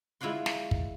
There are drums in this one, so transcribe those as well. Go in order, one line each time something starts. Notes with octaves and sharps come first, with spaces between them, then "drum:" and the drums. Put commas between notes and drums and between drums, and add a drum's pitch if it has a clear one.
G#3 E4 F4 D5 F#5 C6
drum: snare
drum: kick